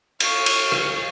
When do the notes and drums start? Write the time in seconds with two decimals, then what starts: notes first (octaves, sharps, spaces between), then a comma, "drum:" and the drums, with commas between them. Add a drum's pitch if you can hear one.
0.20 F5 C#6, drum: cymbal
0.46 drum: cymbal
0.72 drum: rim click